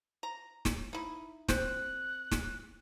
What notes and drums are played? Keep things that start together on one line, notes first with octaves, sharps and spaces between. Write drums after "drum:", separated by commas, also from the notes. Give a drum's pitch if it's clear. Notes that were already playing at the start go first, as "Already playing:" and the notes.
A#5
drum: snare
D#4 E4
C4 F#6, drum: snare
drum: snare